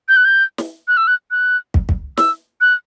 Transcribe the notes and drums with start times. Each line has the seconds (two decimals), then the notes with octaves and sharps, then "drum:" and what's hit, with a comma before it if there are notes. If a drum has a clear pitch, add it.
0.09 G6
0.17 F#6
0.25 G6
0.58 drum: snare
0.88 F#6
0.97 E6
1.07 F#6
1.31 F#6
1.74 drum: kick
1.89 drum: kick
2.17 E6, drum: snare
2.61 F#6